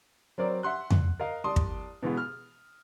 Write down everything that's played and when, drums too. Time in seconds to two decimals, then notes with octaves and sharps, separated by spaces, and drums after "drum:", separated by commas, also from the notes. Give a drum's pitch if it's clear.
0.38 F#3 C4 A#4 D5
0.63 E5 F#5 C6 F#6
0.90 drum: tom F2
1.20 A#4 D#5 F5
1.44 C2 D5 A5 C6 D#6
1.56 drum: kick
2.03 B2 E3 G#3 B3
2.17 F6